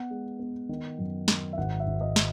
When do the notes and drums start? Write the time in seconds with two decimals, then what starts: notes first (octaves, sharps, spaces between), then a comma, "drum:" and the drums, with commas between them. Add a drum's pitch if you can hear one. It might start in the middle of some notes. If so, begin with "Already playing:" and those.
Already playing: B3 F#5
0.10 G#3
0.39 B3
0.69 D#3
0.99 F#2
1.28 D#3, drum: snare
1.53 E5
1.58 G#1 F#5
1.80 E5
1.87 G#1
2.01 D#5
2.16 drum: snare